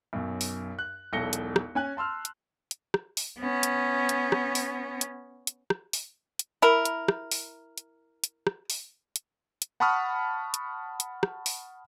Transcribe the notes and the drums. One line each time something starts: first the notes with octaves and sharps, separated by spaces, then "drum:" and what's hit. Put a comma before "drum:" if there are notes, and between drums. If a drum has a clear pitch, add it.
B1 F#2
drum: open hi-hat
F#6
E1 B1 A4 A#6 C#7 G7
drum: hi-hat
drum: rim click
C#4 G#5 F#6
A5 C6 E6 F6
drum: hi-hat
drum: hi-hat
drum: rim click
drum: open hi-hat
B3 C#4
drum: hi-hat
drum: hi-hat
drum: rim click
drum: open hi-hat
drum: hi-hat
drum: hi-hat
drum: rim click
drum: open hi-hat
drum: hi-hat
E4 A#4
drum: hi-hat
drum: rim click
drum: open hi-hat
drum: hi-hat
drum: hi-hat
drum: rim click
drum: open hi-hat
drum: hi-hat
drum: hi-hat
F#5 A5 B5 C#6 D#6 F6
drum: hi-hat
drum: hi-hat
drum: rim click
drum: open hi-hat